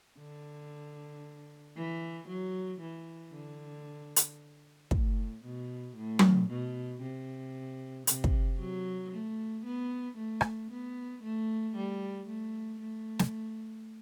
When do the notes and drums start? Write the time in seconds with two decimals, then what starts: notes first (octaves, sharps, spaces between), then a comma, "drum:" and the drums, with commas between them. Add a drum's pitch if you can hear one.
0.18 D3
1.76 E3
2.28 F#3
2.81 E3
3.34 D3
4.16 drum: hi-hat
4.91 A2, drum: kick
5.44 B2
5.96 A2
6.19 drum: tom F#3
6.50 B2
7.01 C3
8.07 C3, drum: hi-hat
8.24 drum: kick
8.59 F#3
9.13 A3
9.65 B3
10.17 A3
10.41 drum: rim click
10.71 B3
11.23 A3
11.76 G3
12.27 A3
12.80 A3
13.19 drum: snare